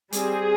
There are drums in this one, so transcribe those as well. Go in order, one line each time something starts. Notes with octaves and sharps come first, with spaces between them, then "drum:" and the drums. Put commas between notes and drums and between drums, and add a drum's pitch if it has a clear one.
G3 C4 G#4, drum: hi-hat